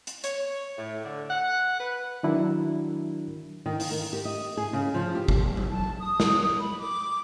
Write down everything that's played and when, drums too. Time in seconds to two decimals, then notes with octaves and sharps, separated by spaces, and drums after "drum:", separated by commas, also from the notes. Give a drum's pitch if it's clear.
0.07 drum: hi-hat
0.24 C#5, drum: hi-hat
0.78 A2
1.04 D3
1.29 F#5
1.80 B4
2.23 D#3 F#3 D4 E4 F#4 A#4
3.66 D#3
3.80 drum: open hi-hat
3.91 A#4
4.13 G4
4.25 D#5
4.57 G#4
4.73 C#3
4.94 F3
5.15 G4
5.28 drum: kick G#1
5.57 drum: tom F#3
5.71 A5
6.00 D#6
6.20 drum: snare
6.61 B5
6.78 D6